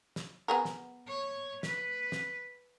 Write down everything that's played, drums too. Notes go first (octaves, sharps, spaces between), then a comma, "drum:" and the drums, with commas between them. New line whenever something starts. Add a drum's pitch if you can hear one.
drum: snare
B3 G#4 A#4
drum: snare
C#5
B4, drum: snare
drum: snare